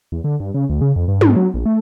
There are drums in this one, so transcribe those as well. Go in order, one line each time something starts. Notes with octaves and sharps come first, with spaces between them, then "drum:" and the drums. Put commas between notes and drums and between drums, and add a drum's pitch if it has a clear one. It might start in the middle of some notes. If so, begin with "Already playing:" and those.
E2
D3
G2
C#3
D2
C#3
F2
G2
G#2, drum: tom
F#3
A#1
A3